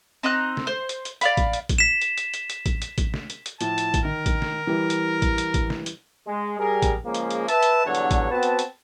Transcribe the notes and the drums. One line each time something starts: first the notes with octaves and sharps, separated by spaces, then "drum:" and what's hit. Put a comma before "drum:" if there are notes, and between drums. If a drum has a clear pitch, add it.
C4 D#4 A#5 F#6
drum: snare
C5
drum: hi-hat
drum: hi-hat
D5 F5 B5, drum: hi-hat
drum: kick A1, hi-hat
drum: hi-hat
drum: kick A1, hi-hat
B6 E7
drum: hi-hat
drum: hi-hat
drum: hi-hat
drum: hi-hat
drum: kick A1, hi-hat
drum: hi-hat
drum: kick A1, hi-hat
drum: snare
drum: hi-hat
drum: hi-hat
A2 F3 A5, drum: hi-hat
drum: hi-hat
drum: kick A1, hi-hat
D#3 A#4
drum: kick A1, hi-hat
drum: snare
E3 G3 E4
drum: hi-hat
drum: kick A1, hi-hat
drum: hi-hat
drum: kick A1, hi-hat
drum: snare
drum: hi-hat
G#3
G3 G#4 A#4
drum: kick A1, hi-hat
C#3 F3 G#3 A#3
drum: hi-hat
drum: hi-hat
B4 E5 A5, drum: hi-hat
drum: hi-hat
E2 G2 D3 F#3 C#5 F#5
drum: hi-hat
drum: kick A1, hi-hat
B3 C4 F#4 B4 A5
drum: hi-hat
drum: hi-hat